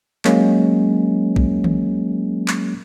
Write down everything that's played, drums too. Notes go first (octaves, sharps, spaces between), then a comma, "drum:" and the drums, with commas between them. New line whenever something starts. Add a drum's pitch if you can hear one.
F#3 G#3 A#3 C#4, drum: clap
drum: kick A#1
drum: tom D#3
drum: clap